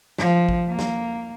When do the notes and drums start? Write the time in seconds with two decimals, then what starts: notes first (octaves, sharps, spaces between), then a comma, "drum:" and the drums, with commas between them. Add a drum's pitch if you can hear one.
0.18 F3, drum: snare
0.49 drum: kick G#1
0.69 A#3
0.79 drum: snare